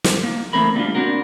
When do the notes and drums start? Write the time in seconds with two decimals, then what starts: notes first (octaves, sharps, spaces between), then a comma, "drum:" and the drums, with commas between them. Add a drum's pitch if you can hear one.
0.04 drum: snare
0.23 A#3
0.53 E3 A3 C4 A#4 B5
0.75 G3 A#3 D4 F4
0.95 C4 D4 F#4 A#4